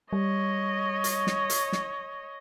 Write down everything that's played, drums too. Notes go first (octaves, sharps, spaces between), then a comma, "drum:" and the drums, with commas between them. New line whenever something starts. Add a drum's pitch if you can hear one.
G3 C#5 D#5
drum: hi-hat
drum: snare
drum: hi-hat
drum: snare